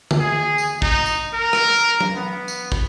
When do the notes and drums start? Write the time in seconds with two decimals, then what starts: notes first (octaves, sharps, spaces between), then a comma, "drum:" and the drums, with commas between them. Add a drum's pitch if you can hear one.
0.11 drum: tom D3
0.20 G#4
0.58 drum: tambourine
0.82 D#4, drum: kick
1.06 drum: tambourine
1.33 A#4
1.53 drum: rim click
2.00 drum: tom
2.16 B3
2.48 drum: tambourine
2.72 drum: kick